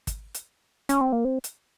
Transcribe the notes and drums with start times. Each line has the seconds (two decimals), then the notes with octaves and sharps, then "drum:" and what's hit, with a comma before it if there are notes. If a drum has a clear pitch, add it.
0.07 drum: kick, hi-hat
0.35 drum: hi-hat
0.89 C#4, drum: hi-hat
1.01 C4
1.12 A#3
1.25 C4
1.44 drum: hi-hat